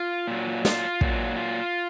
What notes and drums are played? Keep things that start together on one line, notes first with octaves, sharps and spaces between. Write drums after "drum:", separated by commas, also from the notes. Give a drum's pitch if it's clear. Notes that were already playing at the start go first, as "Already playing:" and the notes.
Already playing: F4
A#2 F#3
F4, drum: snare
A#2 F#3, drum: kick
F4